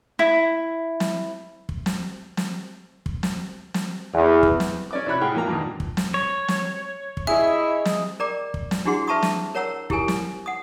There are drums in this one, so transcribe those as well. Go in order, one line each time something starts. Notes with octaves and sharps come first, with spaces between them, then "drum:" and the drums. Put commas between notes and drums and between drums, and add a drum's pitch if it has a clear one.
E4
drum: snare
drum: kick
drum: snare
drum: snare
drum: kick
drum: snare
drum: snare
E2
drum: kick
drum: snare
C#4 D5 D6
C3 E4 C#5 B5 F#6
A2 G#4 F#5 G5 F6
E3 A#3 A#5
G2 A#2 D#3
drum: kick
drum: snare
C#5
drum: snare
drum: kick
E4 G#4 D#5 E5
drum: snare
A#4 D5 G5 A#5 D6
drum: kick
drum: snare
D4 E4 F#4 G#4 F#5 C6
B4 E5 A5 A#5 C#6 D#6
drum: snare
A#4 C#5 F#5 A#5 E6
E4 G4 A4 A#4 G#5, drum: kick
drum: snare
F#5 D#6